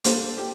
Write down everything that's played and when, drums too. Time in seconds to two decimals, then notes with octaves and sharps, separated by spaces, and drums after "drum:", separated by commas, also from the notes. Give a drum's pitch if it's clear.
0.04 G3 A#3 D4 A4 C5, drum: hi-hat
0.38 G4